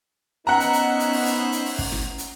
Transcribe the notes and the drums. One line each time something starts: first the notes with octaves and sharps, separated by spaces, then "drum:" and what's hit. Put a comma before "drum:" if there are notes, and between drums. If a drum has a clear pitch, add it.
B3 C#4 D#4 C5 E5 F#5 A#5 F#6
drum: hi-hat
drum: hi-hat
drum: hi-hat
drum: open hi-hat
drum: hi-hat
drum: hi-hat
drum: open hi-hat
drum: kick, open hi-hat
drum: snare
drum: hi-hat